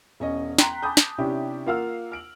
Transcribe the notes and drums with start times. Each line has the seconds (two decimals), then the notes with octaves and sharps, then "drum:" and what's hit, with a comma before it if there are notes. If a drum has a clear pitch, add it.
0.20 E1 C#4 D#5
0.58 G5 A#5 C6 F#6 B6, drum: snare
0.83 G#5 A5 B5 D6 D#6 G6
0.97 drum: snare
1.18 C3 C#4 D4 E4 G4
1.66 A#3 F4 F5 F#5 E6 F6
2.12 F6 D7 F#7